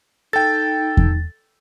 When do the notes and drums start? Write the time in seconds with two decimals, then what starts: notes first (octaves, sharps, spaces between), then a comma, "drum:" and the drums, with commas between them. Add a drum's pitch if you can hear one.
0.33 D#4 A4 G5 A6
0.97 drum: kick E2